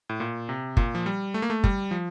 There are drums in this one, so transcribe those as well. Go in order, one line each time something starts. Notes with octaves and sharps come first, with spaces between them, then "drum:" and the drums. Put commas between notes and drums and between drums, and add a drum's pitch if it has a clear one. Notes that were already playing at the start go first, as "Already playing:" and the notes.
A2
A#2
C3
A#2, drum: kick
F3
G3
A3
A#3
A3
G3, drum: kick
F3